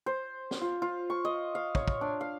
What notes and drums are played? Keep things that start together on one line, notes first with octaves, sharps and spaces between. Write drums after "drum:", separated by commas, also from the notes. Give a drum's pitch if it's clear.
C5
drum: snare
F4
F4
C#6
D#5
F5
C#5, drum: kick
drum: kick
D4
F5